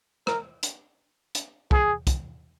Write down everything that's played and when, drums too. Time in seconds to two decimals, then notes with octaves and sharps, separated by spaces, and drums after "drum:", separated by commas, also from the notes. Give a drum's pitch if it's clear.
0.27 A#4, drum: rim click
0.63 drum: hi-hat
1.35 drum: hi-hat
1.71 G#4, drum: kick
2.07 drum: kick, hi-hat